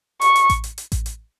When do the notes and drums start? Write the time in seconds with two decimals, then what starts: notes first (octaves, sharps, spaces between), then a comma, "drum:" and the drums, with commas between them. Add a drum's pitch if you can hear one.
0.21 C#6, drum: hi-hat
0.36 drum: hi-hat
0.50 drum: kick A1, hi-hat
0.64 drum: hi-hat
0.78 drum: hi-hat
0.92 drum: kick A1, hi-hat
1.06 drum: hi-hat